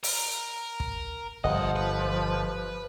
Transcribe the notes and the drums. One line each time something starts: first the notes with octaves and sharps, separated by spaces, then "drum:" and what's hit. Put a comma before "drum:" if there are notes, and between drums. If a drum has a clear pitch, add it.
A#4, drum: open hi-hat
drum: kick
G1 C2 F3 D#5 F#5
B4